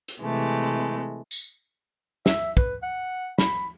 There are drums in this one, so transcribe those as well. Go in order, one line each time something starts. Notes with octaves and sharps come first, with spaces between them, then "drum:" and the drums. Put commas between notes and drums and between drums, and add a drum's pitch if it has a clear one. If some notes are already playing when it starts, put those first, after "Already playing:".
drum: hi-hat
C3 E3 G#3 A3
drum: tambourine
E5, drum: snare
B4, drum: kick
F#5
B5, drum: snare